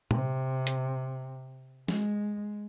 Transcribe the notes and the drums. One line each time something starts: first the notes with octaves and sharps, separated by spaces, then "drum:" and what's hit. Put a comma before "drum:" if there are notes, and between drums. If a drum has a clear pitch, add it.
C3, drum: tom A#2
drum: hi-hat
G#3, drum: snare